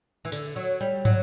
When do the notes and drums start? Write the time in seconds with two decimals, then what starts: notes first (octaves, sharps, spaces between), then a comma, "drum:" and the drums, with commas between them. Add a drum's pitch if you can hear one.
0.25 E3
0.32 D3, drum: tambourine
0.56 F#3
0.81 G3
1.05 F#3, drum: tom